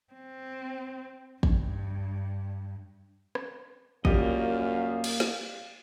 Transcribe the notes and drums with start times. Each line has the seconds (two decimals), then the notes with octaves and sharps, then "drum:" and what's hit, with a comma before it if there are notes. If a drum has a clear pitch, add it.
0.14 C4
1.43 G2, drum: kick
3.35 drum: rim click
4.05 F#2 G3 A#3 F4 G4 D#5 F5, drum: kick
5.04 drum: cymbal
5.20 drum: snare